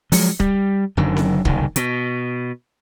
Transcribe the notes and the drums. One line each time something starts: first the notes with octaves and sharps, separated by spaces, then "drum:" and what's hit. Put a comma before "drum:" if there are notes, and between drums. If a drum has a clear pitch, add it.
F3 F#3 G#3, drum: open hi-hat
G3, drum: kick
F#1 F#2 D3 D#3
drum: snare C4
F#1 C2 D#3, drum: kick
B2, drum: hi-hat